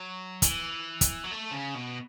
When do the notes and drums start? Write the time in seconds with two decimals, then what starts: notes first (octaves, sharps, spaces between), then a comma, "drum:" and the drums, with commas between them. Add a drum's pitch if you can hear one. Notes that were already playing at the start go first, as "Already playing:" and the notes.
Already playing: F#3
0.42 E3, drum: kick, hi-hat
1.01 drum: kick, hi-hat
1.24 F#3
1.31 A3
1.52 C#3
1.75 B2